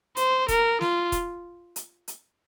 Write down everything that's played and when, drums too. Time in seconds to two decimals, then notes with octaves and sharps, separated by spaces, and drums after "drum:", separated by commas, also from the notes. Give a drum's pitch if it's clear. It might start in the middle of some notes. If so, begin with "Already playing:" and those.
0.17 C5, drum: hi-hat
0.48 A#4, drum: kick D#1, hi-hat
0.81 F4, drum: snare
1.12 drum: kick D#1, hi-hat
1.76 drum: hi-hat
2.08 drum: hi-hat